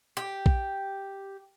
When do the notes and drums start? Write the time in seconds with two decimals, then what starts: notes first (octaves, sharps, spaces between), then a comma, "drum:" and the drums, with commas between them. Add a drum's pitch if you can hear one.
0.17 G4
0.46 drum: kick A#1